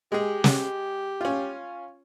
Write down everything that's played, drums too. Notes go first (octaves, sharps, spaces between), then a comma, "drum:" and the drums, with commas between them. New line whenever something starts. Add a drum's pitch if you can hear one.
G#3 G4 G#4
drum: snare
C#4 F4